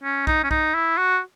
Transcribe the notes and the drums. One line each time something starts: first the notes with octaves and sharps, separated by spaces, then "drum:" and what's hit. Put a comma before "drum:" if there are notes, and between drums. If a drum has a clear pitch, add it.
C#4
D#4, drum: kick B1
C#4
D#4, drum: kick B1
E4
F#4